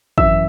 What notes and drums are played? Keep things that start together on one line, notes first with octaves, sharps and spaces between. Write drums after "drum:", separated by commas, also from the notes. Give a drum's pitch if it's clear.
F#2 E3 E5 E6, drum: kick